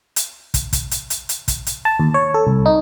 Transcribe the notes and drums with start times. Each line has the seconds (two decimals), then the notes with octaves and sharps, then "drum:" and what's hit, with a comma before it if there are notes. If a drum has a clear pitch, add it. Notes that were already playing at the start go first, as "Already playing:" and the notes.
0.16 drum: hi-hat
0.54 drum: kick, hi-hat
0.73 drum: kick, hi-hat
0.91 drum: hi-hat
1.10 drum: hi-hat
1.29 drum: hi-hat
1.48 drum: kick, hi-hat
1.66 drum: hi-hat
1.85 A5
2.00 D#2
2.14 C#5
2.34 A4
2.47 C2
2.66 D#4